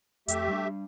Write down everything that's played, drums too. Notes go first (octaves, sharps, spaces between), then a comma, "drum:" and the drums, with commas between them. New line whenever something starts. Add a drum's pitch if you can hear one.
F2 A3 G4 E5, drum: hi-hat
G3 D4